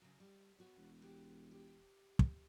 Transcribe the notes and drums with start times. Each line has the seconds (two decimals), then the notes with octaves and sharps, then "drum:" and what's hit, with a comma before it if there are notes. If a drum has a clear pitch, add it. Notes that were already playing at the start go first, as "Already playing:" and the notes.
0.02 C#3 F#3
0.20 G3
0.59 B3 F#4 C#5
0.78 E1
1.02 F#4 G4
1.51 G4
2.19 drum: kick